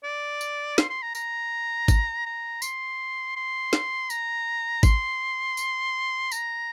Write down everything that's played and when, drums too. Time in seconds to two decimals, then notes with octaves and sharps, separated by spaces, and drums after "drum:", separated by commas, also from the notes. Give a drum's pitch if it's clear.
0.04 D5
0.41 drum: tambourine
0.78 C6, drum: snare
0.90 C6
1.02 A#5
1.15 A#5, drum: tambourine
1.88 drum: kick, tambourine
2.26 A#5
2.62 C6, drum: tambourine
3.36 C6
3.73 drum: snare
4.10 A#5, drum: tambourine
4.83 C6, drum: kick, tambourine
5.57 drum: tambourine
6.32 A#5, drum: tambourine